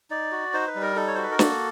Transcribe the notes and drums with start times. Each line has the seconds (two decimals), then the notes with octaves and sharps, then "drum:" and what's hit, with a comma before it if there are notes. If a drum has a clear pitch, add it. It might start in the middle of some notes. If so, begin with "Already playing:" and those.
0.11 D#4 D5
0.32 F#4
0.53 D#4 C5
0.67 B4
0.75 G3
0.82 A#4
0.96 D#4 A4
1.07 C#5
1.15 F#4 C5
1.23 B4
1.31 A#4
1.39 A#3 A4, drum: snare